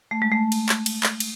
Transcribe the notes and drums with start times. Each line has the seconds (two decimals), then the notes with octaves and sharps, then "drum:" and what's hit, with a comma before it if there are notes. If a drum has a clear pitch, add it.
0.11 A3
0.22 G#3
0.31 A3
0.52 drum: cymbal
0.69 drum: clap
0.86 drum: cymbal
1.03 drum: clap
1.20 drum: cymbal